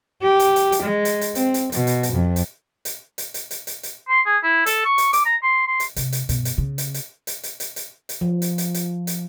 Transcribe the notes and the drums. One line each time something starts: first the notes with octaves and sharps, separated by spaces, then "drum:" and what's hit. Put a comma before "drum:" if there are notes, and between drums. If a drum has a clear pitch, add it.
G4
drum: hi-hat
drum: hi-hat
drum: hi-hat
G#3
drum: hi-hat
drum: hi-hat
C4, drum: hi-hat
drum: hi-hat
B2, drum: hi-hat
drum: hi-hat
drum: hi-hat
F2
drum: hi-hat
drum: hi-hat
drum: hi-hat
drum: hi-hat
drum: hi-hat
drum: hi-hat
drum: hi-hat
C6
G#4
E4
A4, drum: hi-hat
C#6
drum: hi-hat
D6, drum: hi-hat
A#5
C6
C6
drum: hi-hat
C3, drum: hi-hat
drum: hi-hat
G2 B2, drum: hi-hat
drum: hi-hat
C#3
drum: hi-hat
drum: hi-hat
drum: hi-hat
drum: hi-hat
drum: hi-hat
drum: hi-hat
drum: hi-hat
F3
drum: hi-hat
drum: hi-hat
drum: hi-hat
drum: hi-hat